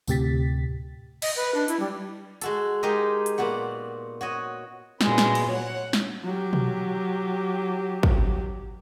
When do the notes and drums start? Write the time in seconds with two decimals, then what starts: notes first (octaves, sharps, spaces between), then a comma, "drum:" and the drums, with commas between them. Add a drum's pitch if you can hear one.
0.08 D2 A2 C3 G4 A6 B6, drum: tambourine
1.22 D#5, drum: cymbal
1.36 B4
1.54 D4
1.68 E4, drum: hi-hat
1.80 G3
2.41 G#3 F#4 A4, drum: hi-hat
2.83 G#3 D#4 G4 A#4 D#5
3.26 drum: hi-hat
3.38 A#2 B3 F#4 F#5
4.21 F#4 C#5 D#5
5.01 A#2 F#3 G#3 B3, drum: snare
5.18 drum: snare
5.35 drum: cymbal
5.50 C#5 F#5
5.93 drum: snare
6.24 F#3 G4
6.53 drum: tom B2
8.03 drum: kick